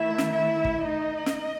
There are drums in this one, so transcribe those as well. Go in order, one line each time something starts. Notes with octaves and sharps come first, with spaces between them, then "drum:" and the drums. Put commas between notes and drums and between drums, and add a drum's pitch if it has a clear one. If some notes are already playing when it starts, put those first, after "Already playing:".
Already playing: D#3 A3 E4 E5
drum: snare
E4 E5
drum: kick
D#4 D#5
drum: snare